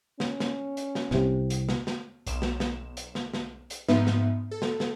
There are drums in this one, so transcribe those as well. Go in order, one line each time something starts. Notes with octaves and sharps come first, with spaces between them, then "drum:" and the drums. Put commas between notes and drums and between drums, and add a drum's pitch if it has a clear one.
C#4, drum: snare
drum: snare
drum: hi-hat
drum: snare
C2 C3, drum: snare
drum: hi-hat
drum: snare
drum: snare
B1 E7, drum: hi-hat
drum: snare
drum: snare
drum: hi-hat
drum: snare
drum: snare
drum: hi-hat
G#2 F3 B3 D#4 B4 E5, drum: snare
drum: snare
A4
drum: snare
drum: snare